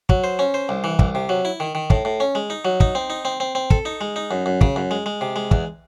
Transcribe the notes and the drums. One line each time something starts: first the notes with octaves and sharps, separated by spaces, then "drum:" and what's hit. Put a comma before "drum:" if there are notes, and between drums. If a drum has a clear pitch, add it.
F#3, drum: kick
C5
C#4
C5
C2
E3
C2, drum: kick
C3
F#3
E4
D#3
D#3
A2, drum: kick
A2
C#4
G#3
D#4
F#3
D#4, drum: kick
C4
D#4
C4
C4
C4
A4, drum: kick
D#4
G#3
D#4
F#2
F#2
C#3, drum: kick
F#2
G#3
G#3
C3
G#3
E2, drum: kick